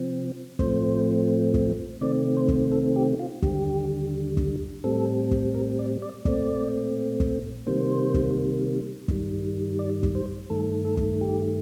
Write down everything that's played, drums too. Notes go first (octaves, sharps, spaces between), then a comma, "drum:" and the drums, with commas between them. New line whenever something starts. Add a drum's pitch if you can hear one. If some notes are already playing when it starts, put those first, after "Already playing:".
Already playing: C3 F3 C4
A2 F3 A3 C4 C5, drum: kick
drum: kick
C3 D#3 A3 C4 D5
C5
drum: kick
A4
G4
F4
D#2 D3 G3 G4, drum: kick
drum: kick
A2 G3 C4 A4
drum: kick
A#4
D5
D5
A#2 A3 C4 D5, drum: kick
drum: kick
C3 D#3 G3 A#3 C5
drum: kick
G2 D#3 G3, drum: kick
D5
drum: kick
C5
G2 D#3 A3 A4
A4
drum: kick
G4